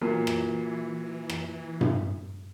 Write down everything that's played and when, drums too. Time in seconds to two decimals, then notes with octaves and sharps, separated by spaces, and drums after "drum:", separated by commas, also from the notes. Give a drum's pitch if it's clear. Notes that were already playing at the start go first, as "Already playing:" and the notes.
0.01 A#2 E3 F#3 A#3
0.27 drum: rim click
1.30 drum: rim click
1.81 drum: tom G2